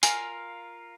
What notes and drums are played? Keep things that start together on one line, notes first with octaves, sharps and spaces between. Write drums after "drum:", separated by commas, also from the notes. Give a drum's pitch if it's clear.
F4 A#4 F5 G#5, drum: hi-hat